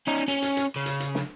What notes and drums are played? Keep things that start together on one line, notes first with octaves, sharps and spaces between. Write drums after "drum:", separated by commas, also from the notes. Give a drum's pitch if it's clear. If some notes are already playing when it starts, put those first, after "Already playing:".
C#4 D#4
C#4, drum: hi-hat
drum: hi-hat
drum: hi-hat
C#3
drum: hi-hat
drum: hi-hat
drum: snare